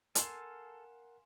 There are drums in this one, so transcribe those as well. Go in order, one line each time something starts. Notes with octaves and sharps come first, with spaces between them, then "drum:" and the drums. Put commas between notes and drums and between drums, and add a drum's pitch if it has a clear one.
A4 A#4 F5 F#5 G#5 C6 E7, drum: hi-hat